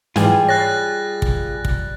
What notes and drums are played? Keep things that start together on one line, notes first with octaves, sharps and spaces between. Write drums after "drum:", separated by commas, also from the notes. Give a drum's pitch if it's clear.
G#2 E3 G3 F4 G#4, drum: snare
C#5 F#6 A6 A#6 C7
drum: kick
drum: kick